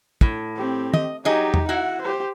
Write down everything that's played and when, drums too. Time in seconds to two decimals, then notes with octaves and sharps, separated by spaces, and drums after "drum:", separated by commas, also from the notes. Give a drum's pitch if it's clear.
0.21 A2, drum: kick
0.57 C4 G4
0.94 D#5, drum: tom
1.25 F#3 D#4 G4 G#4 D#5
1.54 drum: tom E2
1.69 E4 F#4 F#5
2.02 G4 C5